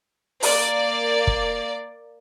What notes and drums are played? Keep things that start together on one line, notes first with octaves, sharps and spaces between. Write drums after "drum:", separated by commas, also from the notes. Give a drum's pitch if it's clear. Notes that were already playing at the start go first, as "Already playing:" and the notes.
A#3 D5, drum: open hi-hat
drum: kick